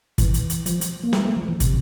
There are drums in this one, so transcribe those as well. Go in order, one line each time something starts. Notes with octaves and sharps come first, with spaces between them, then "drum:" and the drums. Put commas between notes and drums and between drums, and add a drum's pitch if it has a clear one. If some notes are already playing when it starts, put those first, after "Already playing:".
E3, drum: kick, hi-hat
drum: hi-hat
drum: hi-hat
F3, drum: hi-hat
drum: hi-hat
A#3
A3, drum: snare
A3
F3
E3
C3, drum: kick, hi-hat